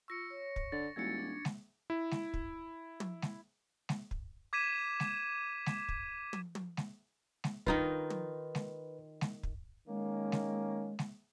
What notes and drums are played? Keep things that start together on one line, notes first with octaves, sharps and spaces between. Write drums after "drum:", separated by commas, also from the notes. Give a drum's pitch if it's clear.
F4 C#6 E6 A#6 C#7
C#5
drum: kick
D3 A6
D#1 G#3 E4 F#4 G#6 C#7
D4
drum: snare G#3
E4
drum: snare G#3
drum: kick
drum: tom
drum: snare G#3
drum: snare G#3
drum: kick
D6 G#6 B6 D#7 E7
drum: snare G#3
drum: snare G#3
drum: kick
drum: tom
drum: tom
drum: snare G#3
drum: snare G#3
D#3 D#4 F4 B4, drum: kick
drum: tom
drum: snare G#3
drum: snare G#3
drum: kick
D#3 G#3 A#3 C#4
drum: snare G#3
drum: snare G#3